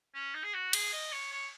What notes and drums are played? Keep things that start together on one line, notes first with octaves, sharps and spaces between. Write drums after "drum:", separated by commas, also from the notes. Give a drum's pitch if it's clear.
C#4
D#4
G#4
F#4
G#4, drum: cymbal
D#5
C#5
C#5